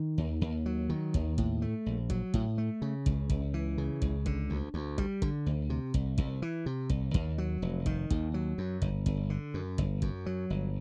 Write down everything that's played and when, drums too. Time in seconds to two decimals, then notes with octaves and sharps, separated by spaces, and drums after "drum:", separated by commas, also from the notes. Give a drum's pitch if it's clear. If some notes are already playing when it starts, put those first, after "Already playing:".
Already playing: D#3
0.18 D#2
0.41 D#2
0.66 F#3
0.90 D#3
1.14 D#2, drum: kick
1.38 A2, drum: kick
1.62 A3
1.86 A#1
2.10 F#3, drum: kick
2.34 A2, drum: kick
2.58 A3
2.82 C#3
3.06 C#2, drum: kick
3.30 C#2, drum: kick
3.54 E3
3.78 C#3
4.02 C#2, drum: kick
4.26 D3, drum: kick
4.50 D2
4.74 D2
4.98 G3, drum: kick
5.22 D3, drum: kick
5.46 D2
5.70 C3
5.94 C2, drum: kick
6.18 C2, drum: kick
6.42 E3
6.66 C3
6.90 C2, drum: kick
7.14 D#2, drum: kick
7.38 F#3
7.62 F1
7.86 D#3, drum: kick
8.10 D#2, drum: kick
8.34 F#3
8.58 F#2
8.82 G1, drum: kick
9.06 G1, drum: kick
9.30 D3
9.54 F#2
9.78 G1, drum: kick
10.02 F#2, drum: kick
10.26 F#3
10.50 G1